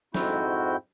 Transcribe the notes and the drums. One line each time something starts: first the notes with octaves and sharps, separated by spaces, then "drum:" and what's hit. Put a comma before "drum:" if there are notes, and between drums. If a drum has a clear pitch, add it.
F2 G#2 C4 E4 F#4 G6, drum: snare